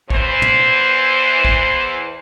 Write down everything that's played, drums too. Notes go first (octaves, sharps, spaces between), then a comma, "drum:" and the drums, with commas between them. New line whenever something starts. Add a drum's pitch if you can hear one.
E2 E3 C5, drum: kick A#1
drum: tom
drum: kick A#1